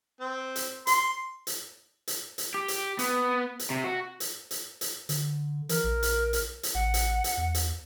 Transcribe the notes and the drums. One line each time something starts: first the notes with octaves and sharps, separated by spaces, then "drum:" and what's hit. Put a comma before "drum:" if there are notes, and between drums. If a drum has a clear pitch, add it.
C4
drum: hi-hat
C6, drum: hi-hat
drum: hi-hat
drum: hi-hat
drum: hi-hat
G4
drum: hi-hat
B3, drum: hi-hat
drum: hi-hat
C3
F#4
drum: hi-hat
drum: hi-hat
drum: hi-hat
D3, drum: hi-hat
E3 A#4, drum: hi-hat
A#1
drum: hi-hat
drum: hi-hat
drum: hi-hat
A1 F#5
drum: hi-hat
drum: hi-hat
E2
drum: hi-hat